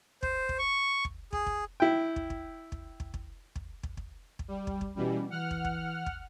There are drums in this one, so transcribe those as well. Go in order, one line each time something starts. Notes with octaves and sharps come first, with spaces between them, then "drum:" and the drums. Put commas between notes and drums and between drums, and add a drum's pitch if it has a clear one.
C5, drum: kick
drum: kick
C#6
drum: kick
G#4, drum: kick
drum: kick
E4 G5
drum: kick
drum: kick
drum: kick
drum: kick
drum: kick
drum: kick
drum: kick
drum: kick
drum: kick
G3
drum: kick
drum: kick
B2 E3 G3 C#4
E3 F#5 F6
drum: kick
drum: kick
drum: kick